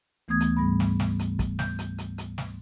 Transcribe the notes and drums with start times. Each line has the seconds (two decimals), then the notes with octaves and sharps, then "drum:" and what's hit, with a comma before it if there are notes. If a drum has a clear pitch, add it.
0.28 D2 E3 A3 B3 D#6 G#6
0.40 drum: hi-hat
0.57 G#2 G3 B3 B5
0.80 drum: snare
1.00 drum: snare
1.19 drum: hi-hat
1.39 drum: kick, hi-hat
1.59 G6, drum: snare
1.79 drum: hi-hat
1.98 drum: hi-hat
2.18 drum: hi-hat
2.38 drum: snare